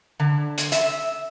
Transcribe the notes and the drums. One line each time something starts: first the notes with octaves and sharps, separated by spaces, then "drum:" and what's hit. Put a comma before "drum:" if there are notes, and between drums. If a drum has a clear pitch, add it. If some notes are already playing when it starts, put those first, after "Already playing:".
D3
drum: hi-hat
E5, drum: hi-hat